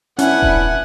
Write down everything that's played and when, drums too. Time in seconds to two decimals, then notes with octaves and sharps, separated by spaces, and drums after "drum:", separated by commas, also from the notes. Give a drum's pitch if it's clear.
0.19 B3 C#4 D4 E4 F#5 G#5, drum: hi-hat
0.42 drum: kick D#1